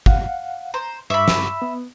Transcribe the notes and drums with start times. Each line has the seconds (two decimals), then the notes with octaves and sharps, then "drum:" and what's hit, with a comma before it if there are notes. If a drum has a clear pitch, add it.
0.06 F5 F#5, drum: kick
0.74 C5 A#5
1.10 G2 E5 B5 C#6 D6
1.28 drum: snare
1.62 B3